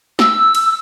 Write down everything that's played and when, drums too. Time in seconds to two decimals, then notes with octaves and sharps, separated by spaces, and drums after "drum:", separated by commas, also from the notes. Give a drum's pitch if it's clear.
0.19 E6, drum: snare
0.55 drum: cymbal